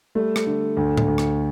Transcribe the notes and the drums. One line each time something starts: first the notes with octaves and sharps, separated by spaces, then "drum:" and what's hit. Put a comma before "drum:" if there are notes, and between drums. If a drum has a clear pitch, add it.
G3 A3
drum: rim click
D3
D2
drum: tom A2
D2
drum: rim click